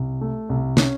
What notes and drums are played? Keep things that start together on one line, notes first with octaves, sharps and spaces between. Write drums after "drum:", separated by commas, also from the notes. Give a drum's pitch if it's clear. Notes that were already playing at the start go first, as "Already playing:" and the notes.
Already playing: C2
A3
C2
C#4, drum: snare